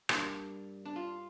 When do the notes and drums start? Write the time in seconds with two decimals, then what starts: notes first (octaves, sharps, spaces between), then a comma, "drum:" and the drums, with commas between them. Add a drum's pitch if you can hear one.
0.09 G2 G3 A#3 D4, drum: rim click
0.86 D4
0.96 F4